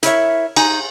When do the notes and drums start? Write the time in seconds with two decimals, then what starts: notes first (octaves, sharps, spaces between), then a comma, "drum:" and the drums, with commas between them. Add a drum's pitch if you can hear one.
0.03 E4 A#4 C#5 E5, drum: hi-hat
0.56 D#4 G#5 A#5, drum: cymbal